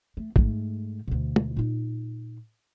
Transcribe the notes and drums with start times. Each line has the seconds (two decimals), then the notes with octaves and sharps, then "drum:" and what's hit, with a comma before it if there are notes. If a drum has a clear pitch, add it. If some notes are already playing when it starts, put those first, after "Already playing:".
0.17 A3
0.36 G#2 A3, drum: kick
1.07 D2 B2
1.36 drum: tom
1.56 A#2 D#4